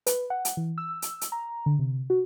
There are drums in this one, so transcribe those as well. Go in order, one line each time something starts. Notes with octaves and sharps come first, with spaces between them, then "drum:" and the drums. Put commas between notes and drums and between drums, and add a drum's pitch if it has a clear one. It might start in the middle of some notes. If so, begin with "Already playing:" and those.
B4, drum: hi-hat
F#5
drum: hi-hat
E3
E6
drum: hi-hat
drum: hi-hat
A#5
D3
C3
F#4